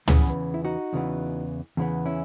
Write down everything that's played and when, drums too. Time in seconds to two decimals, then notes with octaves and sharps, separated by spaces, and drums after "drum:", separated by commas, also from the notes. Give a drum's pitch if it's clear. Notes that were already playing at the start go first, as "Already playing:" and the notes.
0.08 E2 C#3 E3 B3 G#4 B4, drum: tom
0.54 E4
0.65 D#4 F#4
0.93 E2 C#3 E3 B3
1.77 E2 C#3 E3 B3
2.05 C#4 E4